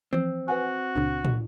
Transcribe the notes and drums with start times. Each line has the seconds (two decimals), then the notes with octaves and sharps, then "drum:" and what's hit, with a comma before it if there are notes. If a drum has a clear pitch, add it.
0.13 E3 F3 C4
0.48 F#4 B4 F#5 G#5
0.95 C#2 A#2 C#3 D4
1.25 drum: tom